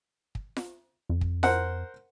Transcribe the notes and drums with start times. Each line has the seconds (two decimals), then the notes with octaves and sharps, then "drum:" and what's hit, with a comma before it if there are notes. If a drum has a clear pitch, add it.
0.35 drum: kick
0.57 drum: snare F4
1.09 F2
1.21 drum: kick
1.43 A#4 C5 F#5, drum: snare F4